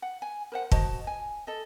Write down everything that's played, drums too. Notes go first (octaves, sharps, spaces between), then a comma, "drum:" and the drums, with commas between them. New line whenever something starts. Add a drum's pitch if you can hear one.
F#5
G#5
A#4 C5 F#5
F#4 C5 D#5 A5, drum: kick
G#5
A4 D#5